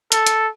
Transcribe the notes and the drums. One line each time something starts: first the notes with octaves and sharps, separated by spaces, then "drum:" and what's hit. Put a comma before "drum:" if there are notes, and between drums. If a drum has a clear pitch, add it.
A4, drum: hi-hat
drum: hi-hat